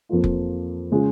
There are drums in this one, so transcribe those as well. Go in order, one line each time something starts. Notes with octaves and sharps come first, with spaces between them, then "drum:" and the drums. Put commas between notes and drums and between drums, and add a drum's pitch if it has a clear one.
F2 F3 A#3 F4
drum: kick F1
C#3 G#3 C#4 F4